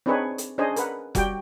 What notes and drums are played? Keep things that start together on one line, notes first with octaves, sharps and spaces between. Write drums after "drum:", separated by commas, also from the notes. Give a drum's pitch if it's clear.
C4 D4 D#4 G#4 B4 C#5
drum: hi-hat
C#4 D4 G#4 C5 D#5 G#5
A#4 B4 F#5, drum: hi-hat
G3 F#4 G4 G5, drum: kick F1, hi-hat